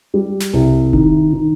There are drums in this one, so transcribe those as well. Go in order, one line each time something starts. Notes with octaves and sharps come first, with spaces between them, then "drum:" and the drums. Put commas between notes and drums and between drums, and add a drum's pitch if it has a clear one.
G3
drum: snare
C2
D#3, drum: kick F#1
D#3